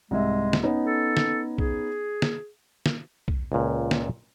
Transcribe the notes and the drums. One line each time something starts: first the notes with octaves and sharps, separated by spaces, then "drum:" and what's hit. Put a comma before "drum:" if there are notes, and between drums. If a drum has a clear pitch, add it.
C2 G#2 G#3 E5
drum: snare
B3 C#4 D#4
A4
drum: snare
G#4, drum: kick
drum: snare
drum: snare
drum: kick
C#2 A#2
drum: snare